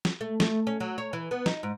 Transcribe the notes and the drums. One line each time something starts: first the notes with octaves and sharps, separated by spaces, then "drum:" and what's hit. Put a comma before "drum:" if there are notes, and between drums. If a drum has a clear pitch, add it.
drum: snare
A3
A3, drum: snare
C#4
F#3
C#5
E3
B3
D#4, drum: snare
G#2